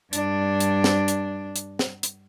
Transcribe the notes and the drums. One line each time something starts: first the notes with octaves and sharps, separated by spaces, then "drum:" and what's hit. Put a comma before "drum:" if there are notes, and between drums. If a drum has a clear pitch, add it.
G2 D4, drum: hi-hat
drum: hi-hat
drum: snare
drum: hi-hat
drum: hi-hat
drum: snare
drum: hi-hat